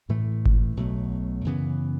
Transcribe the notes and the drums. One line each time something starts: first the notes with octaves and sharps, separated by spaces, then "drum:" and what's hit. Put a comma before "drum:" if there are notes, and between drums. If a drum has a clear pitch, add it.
A1 A2 E3 A3
drum: kick G1
B1 B2 F#3 A3
F#2 C#3 E3 B3